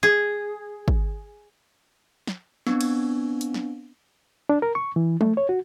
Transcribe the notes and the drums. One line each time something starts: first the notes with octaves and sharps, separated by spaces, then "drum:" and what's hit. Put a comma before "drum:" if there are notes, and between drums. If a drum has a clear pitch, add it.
G#4
drum: kick
drum: snare
B3 C4 D4, drum: snare
drum: cymbal
drum: hi-hat
drum: snare
D4
A#4
C#6
E3
A3, drum: tom
C#5
F#4